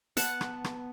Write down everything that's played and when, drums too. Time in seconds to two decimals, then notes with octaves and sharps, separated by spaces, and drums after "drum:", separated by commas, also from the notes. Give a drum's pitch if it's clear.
0.17 B3 F#5 A5, drum: hi-hat
0.41 drum: rim click
0.64 drum: rim click